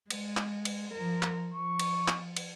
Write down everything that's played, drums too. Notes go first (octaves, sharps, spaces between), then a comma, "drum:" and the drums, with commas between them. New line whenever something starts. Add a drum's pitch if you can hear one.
G#3, drum: cymbal
drum: clap
drum: cymbal
F3 A#4
drum: clap
F3 C#6
drum: cymbal
drum: clap
drum: cymbal